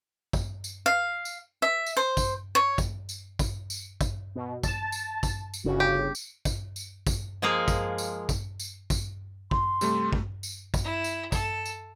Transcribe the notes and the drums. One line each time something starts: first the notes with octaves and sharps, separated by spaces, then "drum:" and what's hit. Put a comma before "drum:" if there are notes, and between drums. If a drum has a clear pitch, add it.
drum: kick, tambourine
drum: tambourine
F5
drum: tambourine
E5
drum: tambourine
C5
drum: kick, tambourine
C#5
drum: kick, tambourine
drum: tambourine
drum: kick, tambourine
drum: tambourine
drum: kick, tambourine
B2
A5, drum: kick, tambourine
drum: tambourine
drum: kick, tambourine
drum: tambourine
G1 C#3 F#4
G4
drum: tambourine
drum: kick, tambourine
drum: tambourine
drum: kick, tambourine
F3 G#3 A#3 G#4 F5
drum: kick, tambourine
drum: tambourine
drum: kick, tambourine
drum: tambourine
drum: kick, tambourine
C6, drum: kick
C3 G3 A3, drum: tambourine
drum: kick
drum: tambourine
drum: kick, tambourine
E4
drum: tambourine
A4, drum: kick, tambourine
drum: tambourine